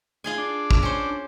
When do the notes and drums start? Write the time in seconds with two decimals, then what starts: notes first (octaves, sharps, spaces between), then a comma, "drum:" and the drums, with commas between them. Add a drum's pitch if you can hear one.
0.24 F4 G#4 G#5
0.38 D4
0.71 drum: kick A1
0.83 C#4 C5